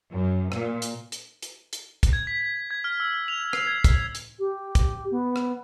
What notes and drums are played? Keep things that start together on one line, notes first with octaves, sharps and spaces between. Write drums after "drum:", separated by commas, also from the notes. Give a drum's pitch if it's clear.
F#2
A#2, drum: rim click
drum: hi-hat
drum: hi-hat
drum: hi-hat
drum: hi-hat
drum: kick, hi-hat
G#6
B6
G#6
F6
E6
F7
C7, drum: rim click
G#6
drum: kick, hi-hat
drum: hi-hat
G4
drum: kick, hi-hat
B3
drum: rim click